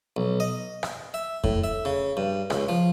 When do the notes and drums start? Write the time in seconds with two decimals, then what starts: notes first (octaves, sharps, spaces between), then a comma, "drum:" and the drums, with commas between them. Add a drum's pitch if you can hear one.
0.17 B1
0.40 D#5
0.83 drum: rim click
1.14 E5
1.44 A2, drum: kick F2
1.64 E5
1.85 C#3
2.17 G2
2.50 C#2, drum: rim click
2.69 F3